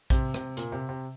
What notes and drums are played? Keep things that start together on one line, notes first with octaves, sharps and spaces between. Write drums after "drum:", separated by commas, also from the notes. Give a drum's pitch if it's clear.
C3, drum: kick A#1, hi-hat
C3, drum: rim click
A#2, drum: hi-hat
C3
C3